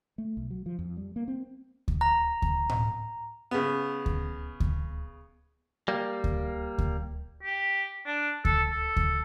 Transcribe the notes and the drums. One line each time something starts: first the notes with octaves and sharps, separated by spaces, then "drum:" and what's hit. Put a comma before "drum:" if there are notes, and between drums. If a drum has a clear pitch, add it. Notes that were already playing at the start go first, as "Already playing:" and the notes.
A3
B1
F#3
F3
F2
G3
A#3
C4
drum: kick D2
A#5
drum: kick D2
drum: tom A2
C#3 B3
drum: kick D2
drum: kick D2
G3 A#3
drum: kick D2
drum: kick D2
G4
D4
A4, drum: kick D2
A4
drum: kick D2